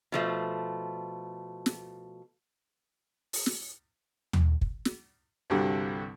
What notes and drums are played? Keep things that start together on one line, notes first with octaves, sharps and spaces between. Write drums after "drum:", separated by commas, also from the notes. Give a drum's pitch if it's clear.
B2 F3 A3
drum: snare
drum: open hi-hat
drum: snare
drum: tom D#2
drum: kick
drum: snare
C2 G2 D3 G3 F#4